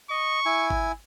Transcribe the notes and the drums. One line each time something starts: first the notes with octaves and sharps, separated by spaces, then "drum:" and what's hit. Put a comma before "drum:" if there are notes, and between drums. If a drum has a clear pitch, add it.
D#5 C#6
E4 G#5
drum: kick G#1